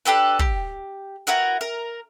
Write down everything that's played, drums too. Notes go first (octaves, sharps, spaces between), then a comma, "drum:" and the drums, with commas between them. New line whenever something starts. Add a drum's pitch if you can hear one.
D4 G4 A4 B4
G4, drum: kick
E4 F#4 A#4 B4
A#4